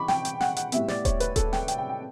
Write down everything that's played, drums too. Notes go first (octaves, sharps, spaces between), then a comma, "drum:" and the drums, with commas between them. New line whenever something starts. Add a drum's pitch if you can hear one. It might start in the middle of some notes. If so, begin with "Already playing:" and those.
Already playing: E3 B5 C#6 D6
G5, drum: snare
drum: hi-hat
F#5, drum: snare
F#5, drum: hi-hat
A2 G3 B3 E5, drum: hi-hat
D5, drum: snare
C#5, drum: kick D#1, hi-hat
B4, drum: hi-hat
A4, drum: kick D#1, hi-hat
G5, drum: snare
G5, drum: hi-hat
G5
G5